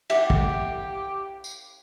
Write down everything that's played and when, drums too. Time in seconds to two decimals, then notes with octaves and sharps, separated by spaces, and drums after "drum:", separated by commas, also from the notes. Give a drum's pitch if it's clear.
0.10 G4 E5 F#5, drum: cymbal
0.30 drum: kick
1.44 drum: tambourine